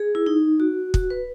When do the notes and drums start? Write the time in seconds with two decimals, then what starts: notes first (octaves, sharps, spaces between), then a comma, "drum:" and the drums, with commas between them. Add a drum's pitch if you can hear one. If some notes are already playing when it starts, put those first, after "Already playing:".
Already playing: G#4
0.15 E4
0.26 D#4
0.60 F#4
0.94 F#4, drum: kick
1.10 B4